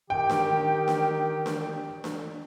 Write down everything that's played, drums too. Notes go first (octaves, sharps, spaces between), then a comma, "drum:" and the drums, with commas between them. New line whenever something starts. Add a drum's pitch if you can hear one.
D#3 G4 G5
drum: snare D4
drum: snare D4
drum: snare D4
drum: snare D4